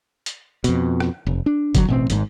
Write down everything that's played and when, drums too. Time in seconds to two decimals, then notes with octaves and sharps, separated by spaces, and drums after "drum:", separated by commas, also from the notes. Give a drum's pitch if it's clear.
0.26 drum: hi-hat
0.64 F2 B2, drum: hi-hat
1.00 drum: rim click
1.27 F1
1.46 D4
1.75 D3 F3 F#3, drum: kick, hi-hat
1.88 A1 B2 C4
2.10 G#1 G#2, drum: hi-hat